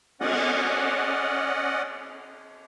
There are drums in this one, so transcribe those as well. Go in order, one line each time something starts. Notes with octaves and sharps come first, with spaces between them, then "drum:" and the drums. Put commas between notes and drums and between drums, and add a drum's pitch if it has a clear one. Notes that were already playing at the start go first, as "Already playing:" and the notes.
C#4 D5 D#5 F#5, drum: cymbal